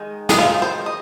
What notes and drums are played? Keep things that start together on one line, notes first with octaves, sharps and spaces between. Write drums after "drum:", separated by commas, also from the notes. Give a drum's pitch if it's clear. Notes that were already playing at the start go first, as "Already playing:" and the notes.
Already playing: D#3 G#3 D#4
G#4, drum: snare
D#3 G#3 D#4 F4
C5
D#5